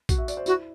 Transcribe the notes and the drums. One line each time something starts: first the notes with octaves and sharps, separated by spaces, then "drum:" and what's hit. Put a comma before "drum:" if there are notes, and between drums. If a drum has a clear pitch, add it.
F#4, drum: kick, tambourine
E5
D5, drum: tambourine
C5
E4 F#4, drum: tambourine